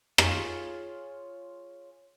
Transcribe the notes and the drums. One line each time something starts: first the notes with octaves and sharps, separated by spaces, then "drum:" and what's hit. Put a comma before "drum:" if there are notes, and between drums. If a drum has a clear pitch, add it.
F4 G#4 C#5, drum: rim click